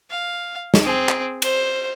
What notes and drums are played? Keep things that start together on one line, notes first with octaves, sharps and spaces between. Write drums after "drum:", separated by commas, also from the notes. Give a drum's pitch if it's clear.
F5
drum: snare
C4 G#4
drum: clap
C5, drum: cymbal